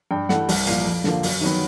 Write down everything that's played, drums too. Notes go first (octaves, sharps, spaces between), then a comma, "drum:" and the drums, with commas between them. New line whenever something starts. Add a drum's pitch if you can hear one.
G2 G5
E3 A3 F#5, drum: snare
C2, drum: open hi-hat
A#2 F3 A#3 F5, drum: hi-hat
F2
D3 F3 A#3, drum: snare
F#2, drum: open hi-hat
D#3 F#3 B3